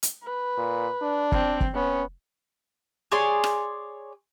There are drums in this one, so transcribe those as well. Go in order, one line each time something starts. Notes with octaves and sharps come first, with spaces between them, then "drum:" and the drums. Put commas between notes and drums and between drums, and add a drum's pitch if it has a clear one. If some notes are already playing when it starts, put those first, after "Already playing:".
drum: hi-hat
B4
A#2
D4
C4, drum: kick
drum: kick
B3 C#4
G#4 C#5 D5 C6
drum: rim click